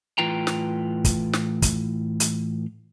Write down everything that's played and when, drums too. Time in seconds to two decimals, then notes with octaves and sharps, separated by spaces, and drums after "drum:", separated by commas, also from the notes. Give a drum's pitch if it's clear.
0.18 A2 E3 F4 B4 G5 A#5
0.47 drum: snare
1.05 drum: kick, hi-hat
1.33 drum: snare
1.62 drum: kick, hi-hat
2.20 drum: hi-hat